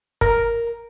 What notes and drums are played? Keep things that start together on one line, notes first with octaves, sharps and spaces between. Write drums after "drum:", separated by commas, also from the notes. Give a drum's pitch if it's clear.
A#4, drum: kick F#1